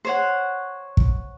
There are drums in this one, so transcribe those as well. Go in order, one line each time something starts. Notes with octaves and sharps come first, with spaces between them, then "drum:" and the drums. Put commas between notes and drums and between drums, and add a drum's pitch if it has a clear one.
C5 C#5 F#5
drum: kick